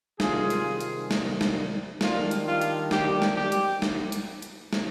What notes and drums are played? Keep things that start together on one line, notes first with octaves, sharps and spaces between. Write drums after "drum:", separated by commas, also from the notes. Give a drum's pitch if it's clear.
C3 D#3 G3 F4 G#4, drum: snare
drum: hi-hat
drum: hi-hat
drum: snare
drum: snare
D#3 G3 D4 F4, drum: snare
drum: hi-hat
F4
drum: hi-hat
G4, drum: snare
drum: snare
G4
drum: hi-hat
drum: snare
drum: hi-hat
drum: hi-hat
drum: snare